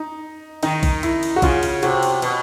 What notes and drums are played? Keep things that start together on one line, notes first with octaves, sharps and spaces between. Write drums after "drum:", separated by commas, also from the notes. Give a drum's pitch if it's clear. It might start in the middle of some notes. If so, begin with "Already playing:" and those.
Already playing: D#4
D#3 D#4, drum: cymbal
drum: kick A#1, cymbal
E4, drum: cymbal
drum: cymbal
F#4
C#3 F4, drum: kick A#1, cymbal
drum: cymbal
C3 F#4, drum: cymbal
drum: cymbal
B2, drum: cymbal